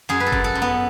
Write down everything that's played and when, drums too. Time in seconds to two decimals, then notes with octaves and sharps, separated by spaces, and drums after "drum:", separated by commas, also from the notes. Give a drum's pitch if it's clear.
0.09 F#2 G#4
0.20 B4
0.26 A4
0.32 F#2, drum: kick F#1
0.44 A4
0.55 F#2
0.62 B3